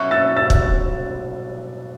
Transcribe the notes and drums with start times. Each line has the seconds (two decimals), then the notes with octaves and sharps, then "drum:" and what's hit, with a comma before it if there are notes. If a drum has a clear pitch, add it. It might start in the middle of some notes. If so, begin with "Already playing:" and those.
Already playing: B2 F#3 C#4 E4 A4 C#6 F#6
0.11 E6 A6
0.36 E6 A6
0.50 drum: kick